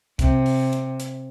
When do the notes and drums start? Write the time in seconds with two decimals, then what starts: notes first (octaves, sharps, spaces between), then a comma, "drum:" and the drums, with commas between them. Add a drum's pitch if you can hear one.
0.19 C3, drum: kick C2, hi-hat
0.46 drum: open hi-hat
0.73 drum: hi-hat
1.00 drum: hi-hat